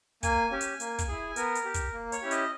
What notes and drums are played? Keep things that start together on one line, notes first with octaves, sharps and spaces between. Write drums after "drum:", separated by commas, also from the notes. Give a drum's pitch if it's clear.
A#3 G#5, drum: kick, hi-hat
C#4 G4
drum: hi-hat
A#3, drum: hi-hat
drum: kick, hi-hat
E4 G#4
B3 A#4, drum: hi-hat
drum: hi-hat
G4
drum: kick, hi-hat
A#3
C#5, drum: hi-hat
C#4 E4 G4
D#5, drum: hi-hat